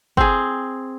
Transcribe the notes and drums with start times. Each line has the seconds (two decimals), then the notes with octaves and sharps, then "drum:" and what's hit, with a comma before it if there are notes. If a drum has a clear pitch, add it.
0.17 C4 G#4, drum: kick